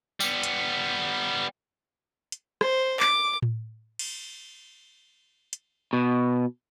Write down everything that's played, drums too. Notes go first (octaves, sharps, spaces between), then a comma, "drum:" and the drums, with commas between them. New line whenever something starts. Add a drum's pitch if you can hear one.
G3 B3, drum: tambourine
drum: hi-hat
drum: hi-hat
C5, drum: rim click
D6, drum: clap
drum: tom A2
drum: cymbal
drum: hi-hat
B2